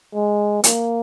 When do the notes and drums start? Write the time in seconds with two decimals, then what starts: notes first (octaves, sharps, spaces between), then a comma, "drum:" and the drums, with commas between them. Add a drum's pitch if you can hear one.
0.15 G#3
0.64 A#3, drum: hi-hat